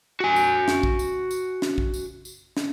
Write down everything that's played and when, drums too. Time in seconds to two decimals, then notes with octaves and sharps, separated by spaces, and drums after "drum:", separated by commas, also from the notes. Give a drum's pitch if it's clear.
0.20 F#4 G#5
0.36 drum: tambourine
0.68 drum: snare
0.83 drum: kick
0.99 drum: tambourine
1.31 drum: tambourine
1.62 drum: snare
1.78 drum: kick
1.94 drum: tambourine
2.25 drum: tambourine
2.57 drum: snare